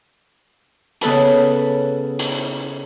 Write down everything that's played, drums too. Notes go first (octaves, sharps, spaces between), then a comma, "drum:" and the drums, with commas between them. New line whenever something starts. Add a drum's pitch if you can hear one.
C#3 B3 A4 B4 A5, drum: hi-hat
drum: hi-hat